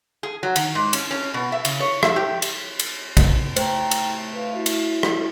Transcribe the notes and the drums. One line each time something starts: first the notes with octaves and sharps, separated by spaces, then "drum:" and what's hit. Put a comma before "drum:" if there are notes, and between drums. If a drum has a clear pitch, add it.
G#4
F#3
D#3, drum: cymbal
G#2
C#4, drum: cymbal
C#4
B2
E5
C#3, drum: cymbal
C#5
E5, drum: rim click
G4
drum: cymbal
drum: cymbal
drum: kick, cymbal
A3 C5 G5 A#5, drum: cymbal
drum: cymbal
B4 F5
E4 F#4 E5
drum: cymbal
drum: rim click